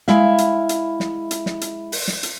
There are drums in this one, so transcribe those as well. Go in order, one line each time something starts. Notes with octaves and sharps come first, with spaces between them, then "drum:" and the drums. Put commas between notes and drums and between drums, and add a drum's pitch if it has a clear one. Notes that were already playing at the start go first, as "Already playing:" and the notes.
G#3 E4 E5 F5, drum: snare
drum: hi-hat
drum: hi-hat
drum: snare
drum: hi-hat
drum: snare
drum: hi-hat
drum: open hi-hat
drum: snare
drum: hi-hat